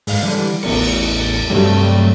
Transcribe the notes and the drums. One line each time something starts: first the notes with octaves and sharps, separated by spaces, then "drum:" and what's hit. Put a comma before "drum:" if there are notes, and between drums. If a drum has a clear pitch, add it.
G#2 F5, drum: open hi-hat
D3 E3 G3
A1 E2 C#7, drum: cymbal
G2 C3 F#3 G3 A3